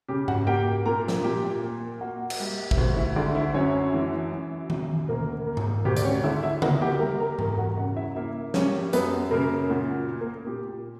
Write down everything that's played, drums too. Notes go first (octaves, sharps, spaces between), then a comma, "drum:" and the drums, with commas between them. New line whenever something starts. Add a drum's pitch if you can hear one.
C#3 G4
F#4 F#5, drum: tom G#2
A#3 G4 G5
A#2 A#4 A#5
drum: snare
A#2 G4 G5
A#3
A#3 F#4 F#5
drum: cymbal
G3
E5, drum: kick
D2 F#4 F#5
E4 E5
D3 D4 D5
E4 E5
F#2 C#4 C#5
E3
F#2
C#3, drum: tom D#3
D2 A#3 A#4
A#3
drum: tom G#2
D2 G4
D5, drum: hi-hat
C#4 C#5
D3 E4 E5
E4 E5
A#3 F#4 F#5, drum: tom C#3
G4 G5
G3 A#4 A#5
A#4 A#5
E2 A#4 A#5, drum: tom G#2
F#4 F#5
C#3 F#4 F#5
E4 E5
A#3 E4 E5
G3 C#4 C#5, drum: snare
F#2 B3 B4, drum: hi-hat
C#3 A#3 A#4
A#2 F#4
A#3
A#3 A#4
A#2 G4